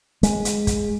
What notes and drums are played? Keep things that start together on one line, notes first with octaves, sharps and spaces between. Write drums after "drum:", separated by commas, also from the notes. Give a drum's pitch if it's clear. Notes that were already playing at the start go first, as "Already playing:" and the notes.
G#3, drum: hi-hat
drum: hi-hat
drum: kick, hi-hat